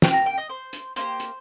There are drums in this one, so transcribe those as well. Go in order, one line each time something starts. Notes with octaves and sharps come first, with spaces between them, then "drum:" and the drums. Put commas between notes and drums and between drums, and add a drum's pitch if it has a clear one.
A#3 D#4 G4 G5, drum: snare
A#5
G5
D#5
C5
drum: hi-hat
A#3 D#4 G4 C5, drum: hi-hat
drum: hi-hat